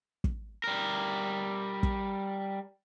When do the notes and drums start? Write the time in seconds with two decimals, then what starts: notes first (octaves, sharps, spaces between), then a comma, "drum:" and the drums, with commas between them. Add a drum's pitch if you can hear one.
0.24 drum: kick
0.64 G3 A#4
1.83 drum: kick